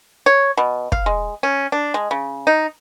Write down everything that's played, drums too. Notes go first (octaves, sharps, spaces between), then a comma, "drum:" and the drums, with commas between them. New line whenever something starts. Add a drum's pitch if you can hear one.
C#5
B2
F5, drum: kick
G#3
C#4
D4
G#3
C#3
D#4